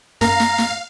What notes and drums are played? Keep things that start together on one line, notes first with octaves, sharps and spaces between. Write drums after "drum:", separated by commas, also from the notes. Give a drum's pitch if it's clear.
F#2 F5 A#5, drum: snare
drum: snare
drum: snare